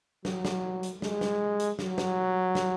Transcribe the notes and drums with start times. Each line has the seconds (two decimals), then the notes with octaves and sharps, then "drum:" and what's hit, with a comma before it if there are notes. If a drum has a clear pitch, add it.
0.25 F#3, drum: snare
0.45 drum: snare
0.83 drum: hi-hat
1.02 G#3, drum: snare
1.21 drum: snare
1.60 drum: hi-hat
1.79 F#3, drum: snare
1.98 drum: snare
2.55 drum: snare